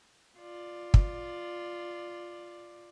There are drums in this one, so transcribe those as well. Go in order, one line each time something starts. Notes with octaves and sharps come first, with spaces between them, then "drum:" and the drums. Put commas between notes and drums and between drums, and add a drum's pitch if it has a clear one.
F4 D5
drum: kick